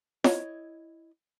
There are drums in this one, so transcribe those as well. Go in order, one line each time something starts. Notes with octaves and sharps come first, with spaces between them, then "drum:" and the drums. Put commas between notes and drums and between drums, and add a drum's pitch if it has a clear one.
E4 C#5 D#5, drum: snare F4